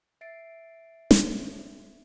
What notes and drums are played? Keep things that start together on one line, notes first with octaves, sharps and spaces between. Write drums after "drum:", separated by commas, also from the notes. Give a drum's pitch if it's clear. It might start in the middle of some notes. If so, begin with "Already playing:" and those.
E5 A6 C7 D7
drum: snare